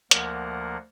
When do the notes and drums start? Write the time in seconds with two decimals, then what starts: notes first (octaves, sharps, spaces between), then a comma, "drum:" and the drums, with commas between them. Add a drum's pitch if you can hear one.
0.11 D2 F3 A#3 A#4 F#5, drum: hi-hat